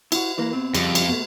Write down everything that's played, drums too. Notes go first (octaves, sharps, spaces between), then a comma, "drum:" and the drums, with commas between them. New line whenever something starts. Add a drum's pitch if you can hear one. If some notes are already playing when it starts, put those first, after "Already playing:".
E4 F#4, drum: cymbal
E3 A#3
B2 C4
F2 C#3 F3 G3, drum: cymbal
drum: cymbal
B2 A3